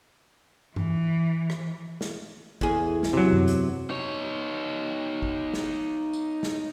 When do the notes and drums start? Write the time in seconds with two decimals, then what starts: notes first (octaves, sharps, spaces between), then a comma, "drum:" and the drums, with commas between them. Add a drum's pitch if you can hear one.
0.76 E3, drum: tom G2
1.50 drum: rim click
2.01 drum: snare
2.61 E2 G#4, drum: kick
3.03 drum: snare
3.13 C3 F#3
3.33 drum: tom F#2
3.48 drum: hi-hat
3.90 D#4 C#5
5.22 drum: kick
5.53 drum: snare
6.13 drum: tambourine
6.43 drum: snare